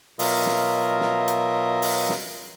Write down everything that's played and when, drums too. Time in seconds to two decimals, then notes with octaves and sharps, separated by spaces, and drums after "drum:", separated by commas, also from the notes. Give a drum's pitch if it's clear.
0.19 B2 F#3 F4 A#4 D#5 E5, drum: open hi-hat
0.46 drum: snare
1.01 drum: snare
1.28 drum: hi-hat
1.82 drum: open hi-hat
2.09 drum: snare